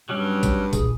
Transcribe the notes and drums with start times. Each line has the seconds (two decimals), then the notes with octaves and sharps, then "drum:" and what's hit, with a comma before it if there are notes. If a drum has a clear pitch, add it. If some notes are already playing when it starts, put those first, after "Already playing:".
0.09 G2 F#3 G3 C#4 G4
0.43 drum: kick A1, tambourine
0.73 A#1 D#2 G#4, drum: kick A1, tambourine